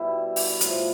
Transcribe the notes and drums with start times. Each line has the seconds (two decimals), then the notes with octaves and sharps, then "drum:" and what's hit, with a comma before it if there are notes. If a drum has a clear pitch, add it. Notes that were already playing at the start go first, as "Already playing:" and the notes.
Already playing: B2 G3 E4
0.36 drum: open hi-hat
0.61 A2 F3, drum: hi-hat